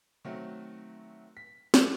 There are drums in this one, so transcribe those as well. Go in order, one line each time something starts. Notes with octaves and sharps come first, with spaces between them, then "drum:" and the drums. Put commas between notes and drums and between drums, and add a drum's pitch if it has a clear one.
D#3 F#3 A3 C4 F#4
B6
drum: snare